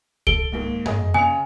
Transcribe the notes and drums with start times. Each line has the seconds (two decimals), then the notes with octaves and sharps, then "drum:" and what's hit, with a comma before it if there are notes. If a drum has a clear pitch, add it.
0.27 A4 D7 G7, drum: kick C#2
0.52 D#2 G#2 A#3
0.86 G#4 D#5, drum: tom F#2
1.14 C#3 G#5 C#7 F7